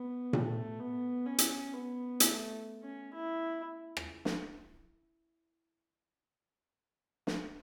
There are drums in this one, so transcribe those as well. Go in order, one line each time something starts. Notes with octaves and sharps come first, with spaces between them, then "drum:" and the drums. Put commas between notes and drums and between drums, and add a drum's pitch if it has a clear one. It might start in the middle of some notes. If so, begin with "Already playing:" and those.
Already playing: B3
A3, drum: tom A#2
B3
C#4
drum: hi-hat
B3
A3, drum: hi-hat
C#4
E4
drum: rim click
drum: snare
drum: snare